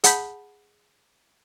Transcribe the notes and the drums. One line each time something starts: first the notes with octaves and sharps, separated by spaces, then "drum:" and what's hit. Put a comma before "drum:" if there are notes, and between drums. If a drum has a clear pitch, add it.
G#4 F#5 A5 B5 G6 B6, drum: hi-hat